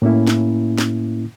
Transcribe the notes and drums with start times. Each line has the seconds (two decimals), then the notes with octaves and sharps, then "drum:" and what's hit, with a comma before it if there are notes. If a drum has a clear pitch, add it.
0.02 A2 A#3 C#4 E4
0.27 drum: snare
0.78 drum: snare